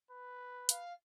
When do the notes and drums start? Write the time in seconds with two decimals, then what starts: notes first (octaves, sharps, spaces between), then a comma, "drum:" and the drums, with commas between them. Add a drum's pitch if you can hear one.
0.10 B4
0.69 F5, drum: hi-hat